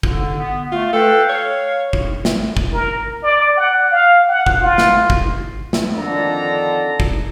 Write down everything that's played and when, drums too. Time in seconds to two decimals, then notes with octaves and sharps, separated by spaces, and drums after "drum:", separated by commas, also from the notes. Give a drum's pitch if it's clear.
0.03 D3, drum: kick
0.38 B3
0.72 A3 F4
0.93 A4 B4 F5 G5
1.29 C#5 F5
1.93 drum: kick
2.25 drum: snare
2.57 drum: kick
2.73 A#4
3.23 D5
3.57 F#5
3.91 F5
4.28 F#5
4.46 drum: kick
4.62 F4
4.78 drum: snare
5.10 drum: kick
5.73 drum: snare
5.93 F2 D3 D#3 D4 A4 A#5
7.00 drum: kick